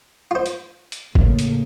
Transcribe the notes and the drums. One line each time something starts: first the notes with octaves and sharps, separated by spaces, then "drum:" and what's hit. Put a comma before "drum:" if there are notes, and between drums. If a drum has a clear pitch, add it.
F4 C5
drum: hi-hat
drum: hi-hat
A2 C#3 A#3, drum: kick
drum: hi-hat